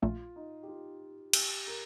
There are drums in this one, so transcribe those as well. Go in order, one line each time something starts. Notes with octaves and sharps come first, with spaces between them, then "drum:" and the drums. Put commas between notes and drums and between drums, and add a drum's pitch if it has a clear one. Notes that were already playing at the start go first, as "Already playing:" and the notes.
A#1 A#2 A3 F4
D#4
G4
F4
G4, drum: cymbal
A#4